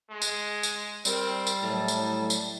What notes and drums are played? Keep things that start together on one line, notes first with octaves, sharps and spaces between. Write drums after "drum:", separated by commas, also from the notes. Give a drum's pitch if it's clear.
G#3
drum: tambourine
drum: tambourine
G3 C4 A#4, drum: tambourine
drum: tambourine
A2 F#3 A5
drum: tambourine
drum: tambourine